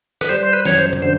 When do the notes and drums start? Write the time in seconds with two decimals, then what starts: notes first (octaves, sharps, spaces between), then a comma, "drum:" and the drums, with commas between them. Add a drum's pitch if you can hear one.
0.21 B4, drum: rim click
0.29 G3 C5
0.43 C5
0.53 B4
0.65 F#2 C#5, drum: snare
0.79 C5
0.93 drum: tom C3
1.02 D3 C5